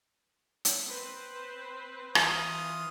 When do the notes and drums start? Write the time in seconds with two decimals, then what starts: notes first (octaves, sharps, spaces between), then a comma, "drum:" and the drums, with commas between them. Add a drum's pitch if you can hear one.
0.65 drum: hi-hat
0.88 C4 B4 C5
2.15 E3 F4 D#6 F6, drum: rim click